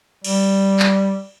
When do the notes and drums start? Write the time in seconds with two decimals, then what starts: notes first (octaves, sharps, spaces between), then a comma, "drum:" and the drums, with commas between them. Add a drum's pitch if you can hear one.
0.24 G3, drum: cymbal
0.79 drum: clap